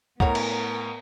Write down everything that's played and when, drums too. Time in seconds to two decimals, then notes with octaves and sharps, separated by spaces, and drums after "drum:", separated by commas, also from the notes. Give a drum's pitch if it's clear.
0.20 A2 B3 A#4 C#5 F#5 A#5, drum: kick
0.35 drum: cymbal